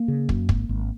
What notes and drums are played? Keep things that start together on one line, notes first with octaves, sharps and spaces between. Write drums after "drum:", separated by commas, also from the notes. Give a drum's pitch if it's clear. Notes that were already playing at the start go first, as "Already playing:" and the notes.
Already playing: A#3
C#3
F#2, drum: kick
G#1, drum: kick
G#1